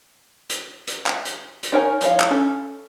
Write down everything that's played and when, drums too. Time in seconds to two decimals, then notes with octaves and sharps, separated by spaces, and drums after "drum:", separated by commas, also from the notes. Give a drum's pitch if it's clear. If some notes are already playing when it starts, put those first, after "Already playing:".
0.50 drum: hi-hat
0.87 drum: hi-hat
1.06 drum: clap
1.25 drum: hi-hat
1.63 drum: hi-hat
1.72 D4 D#4 A#4 C#5 G#5
2.01 F3 E4 C#5 F5, drum: hi-hat
2.20 drum: clap
2.30 C#4 A4